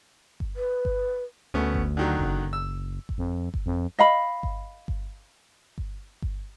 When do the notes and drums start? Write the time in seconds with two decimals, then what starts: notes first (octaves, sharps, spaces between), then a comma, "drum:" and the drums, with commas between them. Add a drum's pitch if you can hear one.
0.40 drum: kick G1
0.56 B4
0.85 drum: kick G1
1.54 D2 A3 B3 C#4
1.75 drum: kick G1
1.97 D3 D#3 F#3
2.19 F#1, drum: kick G1
2.53 E6
3.09 drum: kick G1
3.18 F2
3.54 drum: kick G1
3.66 F2
3.99 D#5 F5 B5
4.43 drum: kick G1
4.88 drum: kick G1
5.78 drum: kick G1
6.22 drum: kick G1